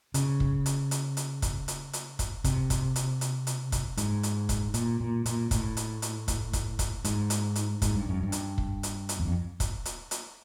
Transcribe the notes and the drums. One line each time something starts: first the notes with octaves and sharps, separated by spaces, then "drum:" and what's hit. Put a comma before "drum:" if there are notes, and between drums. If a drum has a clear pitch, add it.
C#3, drum: hi-hat
drum: kick
drum: hi-hat
drum: hi-hat
drum: hi-hat
drum: kick, hi-hat
drum: hi-hat
drum: hi-hat
drum: kick, hi-hat
C3, drum: kick, hi-hat
drum: kick, hi-hat
drum: hi-hat
drum: hi-hat
drum: hi-hat
drum: kick, hi-hat
G#2, drum: hi-hat
drum: hi-hat
drum: kick, hi-hat
A#2, drum: hi-hat
A#2
A#2, drum: hi-hat
A2, drum: kick, hi-hat
drum: hi-hat
drum: hi-hat
drum: kick, hi-hat
drum: kick, hi-hat
drum: kick, hi-hat
G#2, drum: hi-hat
drum: hi-hat
drum: hi-hat
G#2, drum: kick, hi-hat
G2
F#2
G2
drum: hi-hat
drum: kick
drum: hi-hat
drum: hi-hat
E2
F2
drum: kick, hi-hat
drum: hi-hat
drum: hi-hat